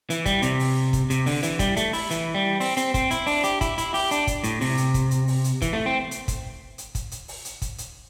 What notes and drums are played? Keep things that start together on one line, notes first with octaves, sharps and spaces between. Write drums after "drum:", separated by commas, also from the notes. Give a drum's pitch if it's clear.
E3, drum: hi-hat
G3, drum: kick, hi-hat
C3, drum: hi-hat
drum: open hi-hat
drum: kick, hi-hat
C3, drum: hi-hat
D3, drum: open hi-hat
E3, drum: hi-hat
G3, drum: kick, hi-hat
A3, drum: hi-hat
E4, drum: open hi-hat
E3, drum: hi-hat
G3
C4, drum: open hi-hat
C4, drum: hi-hat
C4, drum: kick, hi-hat
E4, drum: hi-hat
D4, drum: open hi-hat
G4, drum: hi-hat
E4, drum: kick, hi-hat
E4, drum: hi-hat
G4, drum: open hi-hat
D4, drum: hi-hat
drum: kick, hi-hat
A2, drum: hi-hat
C3, drum: open hi-hat
drum: hi-hat
drum: kick, hi-hat
drum: hi-hat
drum: open hi-hat
drum: hi-hat
E3, drum: kick, hi-hat
A3
C4
drum: hi-hat
drum: kick, hi-hat
drum: hi-hat
drum: kick, hi-hat
drum: hi-hat
drum: open hi-hat
drum: hi-hat
drum: kick, hi-hat
drum: hi-hat